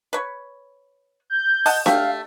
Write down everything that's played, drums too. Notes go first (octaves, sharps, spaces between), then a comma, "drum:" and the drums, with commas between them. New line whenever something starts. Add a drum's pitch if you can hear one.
B4 C#5
G6
D#5 F#5 A5, drum: open hi-hat
A3 G4 F5, drum: snare D4